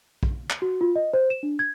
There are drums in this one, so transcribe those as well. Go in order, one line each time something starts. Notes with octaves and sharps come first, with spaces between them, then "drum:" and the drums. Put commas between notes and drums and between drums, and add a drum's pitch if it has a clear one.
drum: kick
drum: clap
F#4
F4
D#5
C5
E7
D4
G#6